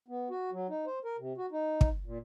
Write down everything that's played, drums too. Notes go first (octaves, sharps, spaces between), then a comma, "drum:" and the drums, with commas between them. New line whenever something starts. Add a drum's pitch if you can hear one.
B3
F#4
F#3
D#4
C5
A#4
C3
F#4
D#4
drum: kick
A#2